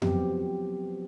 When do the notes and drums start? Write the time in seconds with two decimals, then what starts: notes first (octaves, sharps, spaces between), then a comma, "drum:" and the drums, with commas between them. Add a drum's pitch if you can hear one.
0.02 F3 F#3 B3 C4 G4, drum: tom F2